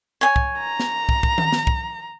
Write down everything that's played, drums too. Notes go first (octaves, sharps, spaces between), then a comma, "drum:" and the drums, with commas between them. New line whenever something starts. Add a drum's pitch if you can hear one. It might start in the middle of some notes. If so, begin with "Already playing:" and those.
C#5 G#5
drum: kick
A#5
drum: snare
drum: kick
drum: kick
drum: tom D#3
drum: snare
drum: kick